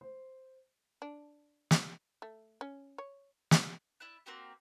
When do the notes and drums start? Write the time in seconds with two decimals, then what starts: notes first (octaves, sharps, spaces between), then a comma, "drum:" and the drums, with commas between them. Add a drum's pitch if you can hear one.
0.01 C5
1.02 D4
1.71 drum: snare
2.22 A3
2.61 C#4
2.98 C#5
3.51 drum: snare
4.00 E4 D5 E5 F#6
4.26 A#3 C4 F#4 G4